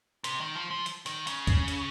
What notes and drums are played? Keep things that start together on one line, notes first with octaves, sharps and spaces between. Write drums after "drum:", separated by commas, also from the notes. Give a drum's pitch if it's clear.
C3, drum: hi-hat
D#3
F3
F3
drum: hi-hat
D#3, drum: hi-hat
C#3, drum: hi-hat
drum: kick, hi-hat
drum: hi-hat